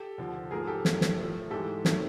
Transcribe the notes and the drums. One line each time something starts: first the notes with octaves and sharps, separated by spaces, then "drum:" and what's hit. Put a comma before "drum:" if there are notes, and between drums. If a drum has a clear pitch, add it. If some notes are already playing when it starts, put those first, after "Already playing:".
Already playing: G4 A4
D#2 D3 F3
G#2 F3 A#3 G#4 A#4
G4 A4
G2 D#3 F#3 A3, drum: snare
drum: snare
A2 F3 A3
G#2 E3 G#3 G4 A4
C3 D#3 F#3 A3, drum: snare